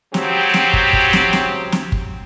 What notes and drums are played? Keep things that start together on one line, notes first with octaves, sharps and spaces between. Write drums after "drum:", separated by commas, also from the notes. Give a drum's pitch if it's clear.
C#3 F#3 C4 G4, drum: snare
drum: snare
drum: kick
drum: kick
drum: snare
drum: snare
drum: snare
drum: kick